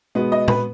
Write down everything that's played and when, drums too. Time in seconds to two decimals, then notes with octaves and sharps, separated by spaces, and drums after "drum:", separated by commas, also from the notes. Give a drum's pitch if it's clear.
0.15 B2 G#3 B3
0.32 D#5
0.48 B4, drum: tom A#2